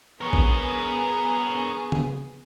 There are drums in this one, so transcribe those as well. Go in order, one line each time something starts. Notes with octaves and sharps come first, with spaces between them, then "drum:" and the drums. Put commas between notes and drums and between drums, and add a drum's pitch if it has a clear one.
B3 G#4 A#4 C#5
drum: kick
drum: tom C#3